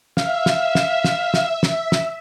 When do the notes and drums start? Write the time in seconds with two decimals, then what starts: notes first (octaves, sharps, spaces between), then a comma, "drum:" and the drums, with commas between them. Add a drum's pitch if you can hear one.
0.17 E5 F5, drum: snare
0.46 drum: snare
0.75 drum: snare
1.04 drum: snare
1.34 drum: snare
1.63 drum: snare
1.92 drum: snare